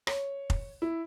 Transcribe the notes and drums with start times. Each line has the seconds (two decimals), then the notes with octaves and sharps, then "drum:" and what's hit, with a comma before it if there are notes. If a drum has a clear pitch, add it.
0.07 C#5, drum: rim click
0.50 drum: kick F1
0.82 E4